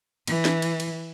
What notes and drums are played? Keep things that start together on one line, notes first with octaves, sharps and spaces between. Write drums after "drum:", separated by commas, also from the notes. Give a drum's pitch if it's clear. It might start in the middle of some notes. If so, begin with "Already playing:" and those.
E3, drum: cymbal
drum: snare
drum: cymbal
drum: cymbal